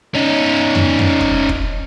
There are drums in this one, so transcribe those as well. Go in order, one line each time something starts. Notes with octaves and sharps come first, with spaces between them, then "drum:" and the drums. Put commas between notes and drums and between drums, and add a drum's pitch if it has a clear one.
C#4 D#4
drum: tom F2
drum: tom F2
drum: kick
drum: kick